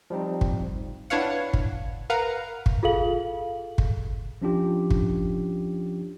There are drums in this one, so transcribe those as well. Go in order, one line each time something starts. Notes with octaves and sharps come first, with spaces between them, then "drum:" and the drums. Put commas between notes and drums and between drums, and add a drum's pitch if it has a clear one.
F3 G3 C4 D#4
drum: kick
D4 E4 B4 C#5 F5 F#5
drum: kick
A#4 B4 F5 F#5 A#5
drum: kick
F4 G#4 A4 F5 F#7
drum: kick
F3 C#4 D4 F4 G4
drum: kick